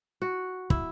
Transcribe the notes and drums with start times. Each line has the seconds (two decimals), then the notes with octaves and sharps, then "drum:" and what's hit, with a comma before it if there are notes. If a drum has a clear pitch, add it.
0.22 F#4
0.70 E4, drum: kick